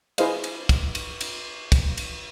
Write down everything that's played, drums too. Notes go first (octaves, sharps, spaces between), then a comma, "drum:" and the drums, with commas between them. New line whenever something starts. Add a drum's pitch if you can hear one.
E4 G#4 B4 C5 D#5 F5, drum: cymbal
drum: cymbal
drum: kick, cymbal
drum: cymbal
drum: cymbal
drum: kick, cymbal
drum: cymbal